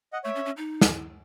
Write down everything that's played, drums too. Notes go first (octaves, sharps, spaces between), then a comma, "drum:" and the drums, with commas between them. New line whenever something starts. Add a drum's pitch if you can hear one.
D#5 F#5
A3 C#5 E5
C#4
C#4
D#4
drum: snare